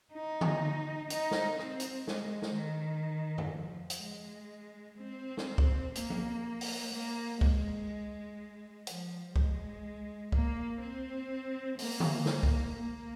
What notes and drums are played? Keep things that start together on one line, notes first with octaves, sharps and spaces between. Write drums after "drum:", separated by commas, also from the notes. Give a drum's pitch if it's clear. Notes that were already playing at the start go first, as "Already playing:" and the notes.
D#4
drum: tom D3
D#4, drum: hi-hat
drum: snare
C4, drum: rim click
drum: hi-hat
G#3, drum: snare
drum: snare
D#3
drum: tom
F3
drum: hi-hat
G#3
C4
drum: snare
drum: kick
A#3, drum: hi-hat
drum: tom F3
drum: open hi-hat
A#3
G#3, drum: kick
F3, drum: hi-hat
G#3, drum: kick
A#3, drum: kick
C4
A#3, drum: open hi-hat
drum: tom D3
drum: snare
drum: kick
A#3